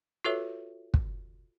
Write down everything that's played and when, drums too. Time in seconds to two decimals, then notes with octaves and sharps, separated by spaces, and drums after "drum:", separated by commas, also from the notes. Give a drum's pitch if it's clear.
0.24 F4 F#4 A4 B4 C#5 E5
0.94 drum: kick